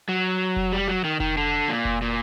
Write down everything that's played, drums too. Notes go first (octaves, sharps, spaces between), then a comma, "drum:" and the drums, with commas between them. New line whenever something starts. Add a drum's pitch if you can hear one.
F#3
drum: kick F1
G3
F#3
D#3
D#3, drum: kick F1
D3
A#2
drum: kick F1
A#2